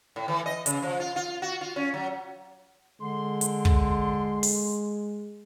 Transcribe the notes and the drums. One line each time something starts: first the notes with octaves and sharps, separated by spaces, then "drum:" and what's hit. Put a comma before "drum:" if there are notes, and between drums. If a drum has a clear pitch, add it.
A2
E3
D#5
C#3, drum: hi-hat
F3
F4
F4
F#4
F4
C#4
F#3
D3 G#3 C6
drum: hi-hat
drum: kick
drum: open hi-hat